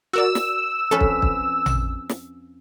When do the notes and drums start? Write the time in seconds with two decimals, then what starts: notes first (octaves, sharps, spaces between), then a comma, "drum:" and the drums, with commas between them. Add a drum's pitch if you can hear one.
0.13 F#4 A#4 D5 E6
0.35 drum: snare
0.91 F2 C#4 A4 B4
1.01 drum: kick
1.22 drum: kick
1.66 drum: tom A1
2.09 drum: snare